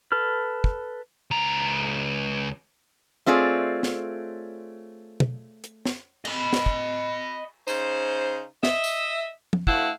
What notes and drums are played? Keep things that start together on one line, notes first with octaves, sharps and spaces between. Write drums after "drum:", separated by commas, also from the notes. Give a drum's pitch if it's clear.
A4 B4 F6
drum: kick
C#2 A#5
A3 C4 F4 G#4 C#5 D5
drum: snare
drum: tom
drum: hi-hat
drum: snare
D#5 B5, drum: cymbal
drum: snare
drum: kick
C#3 D#4 C5, drum: tambourine
D#5 E5, drum: snare
drum: tambourine
drum: tom
D2 A3 E4 F5 F#5, drum: kick